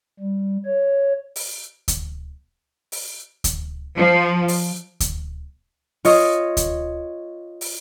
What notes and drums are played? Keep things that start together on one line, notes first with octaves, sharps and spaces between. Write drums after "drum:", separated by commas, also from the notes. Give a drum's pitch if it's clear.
G3
C#5
drum: open hi-hat
drum: kick D2, hi-hat
drum: open hi-hat
drum: kick D2, hi-hat
F3
drum: open hi-hat
drum: kick D2, hi-hat
F4 C#5 D#5 C#6 D#6, drum: open hi-hat
drum: kick D2, hi-hat
drum: open hi-hat